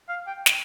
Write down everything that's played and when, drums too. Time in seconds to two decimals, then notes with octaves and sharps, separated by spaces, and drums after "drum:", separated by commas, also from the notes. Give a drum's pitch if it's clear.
0.09 F5
0.27 G5
0.46 drum: snare